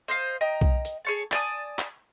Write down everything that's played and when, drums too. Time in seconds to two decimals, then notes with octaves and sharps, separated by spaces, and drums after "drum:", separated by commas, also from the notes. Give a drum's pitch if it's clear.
0.08 C5 D#5 F5
0.41 D#5 G5 A#5
0.61 drum: kick B1
0.85 drum: hi-hat
1.05 G#4 C#5 A5
1.32 D5 G#5 A5 D#6, drum: clap
1.79 drum: clap